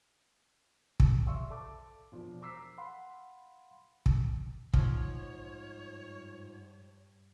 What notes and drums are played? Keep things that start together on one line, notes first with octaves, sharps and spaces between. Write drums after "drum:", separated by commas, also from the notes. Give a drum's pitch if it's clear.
drum: kick
D5 E5 F5 C6 C#6 E6
A4 A5 D6
E1 F3 D4
A#5 D6 E6 B6 C7
F5 F#5 B5 C6
drum: kick
G#2 F3 C#5, drum: kick
G2